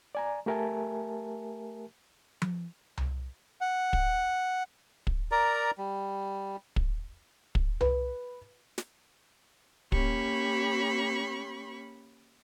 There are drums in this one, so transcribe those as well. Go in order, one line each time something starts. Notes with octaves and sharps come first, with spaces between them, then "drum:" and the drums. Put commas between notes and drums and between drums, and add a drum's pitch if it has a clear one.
D5 G#5 A#5
A3 G4 A#4 E5 G#5 A5
drum: tom F3
drum: tom C2
F#5
drum: kick
drum: kick
A#4 D5 A#5
G3
drum: kick
drum: kick
B4, drum: tom C2
drum: snare
A#3 C#4 G4 B5 C#6, drum: kick